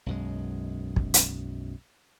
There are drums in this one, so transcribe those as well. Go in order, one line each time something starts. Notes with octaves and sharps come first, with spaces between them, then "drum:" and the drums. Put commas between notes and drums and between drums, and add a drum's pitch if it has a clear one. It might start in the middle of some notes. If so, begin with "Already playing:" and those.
B1 F#2 G#3
drum: kick
drum: hi-hat